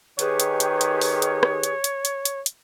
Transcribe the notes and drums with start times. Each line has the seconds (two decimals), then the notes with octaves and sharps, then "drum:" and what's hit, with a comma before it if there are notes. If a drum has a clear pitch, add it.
0.19 D#3 G4 G#4 B4 C#5, drum: hi-hat
0.40 drum: hi-hat
0.60 drum: hi-hat
0.81 drum: hi-hat
1.02 drum: open hi-hat
1.22 drum: hi-hat
1.43 drum: rim click
1.63 drum: hi-hat
1.84 drum: hi-hat
2.05 drum: hi-hat
2.25 drum: hi-hat
2.46 drum: hi-hat